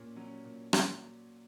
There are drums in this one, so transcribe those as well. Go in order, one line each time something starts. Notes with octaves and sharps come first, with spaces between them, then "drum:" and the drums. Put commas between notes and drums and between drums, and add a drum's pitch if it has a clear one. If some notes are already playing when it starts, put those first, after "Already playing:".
Already playing: A#2 C#4
F#3 C#4
A#2
F#3, drum: rim click